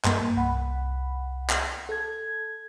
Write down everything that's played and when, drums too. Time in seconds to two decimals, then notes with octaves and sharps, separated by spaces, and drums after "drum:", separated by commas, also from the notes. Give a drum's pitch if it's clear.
0.05 G2 A#3, drum: clap
0.36 C2 F#5 B5
1.50 drum: clap
1.89 A4 G#6